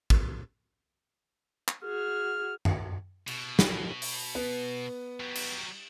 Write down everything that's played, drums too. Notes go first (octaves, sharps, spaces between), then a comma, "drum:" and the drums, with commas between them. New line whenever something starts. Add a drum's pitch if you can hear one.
drum: kick
drum: clap
F#4 G#4 F6
drum: tom F#2
B2, drum: cymbal
drum: snare
drum: open hi-hat
B3
F#3 G3
drum: cymbal